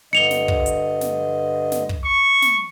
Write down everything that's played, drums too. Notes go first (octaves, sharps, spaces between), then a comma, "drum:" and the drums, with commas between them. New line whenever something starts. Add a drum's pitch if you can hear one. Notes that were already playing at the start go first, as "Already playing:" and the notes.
G2 D3 D#5 C#7 F7 G7
drum: snare
drum: kick
drum: hi-hat
drum: snare
drum: snare
drum: kick
C#6
drum: snare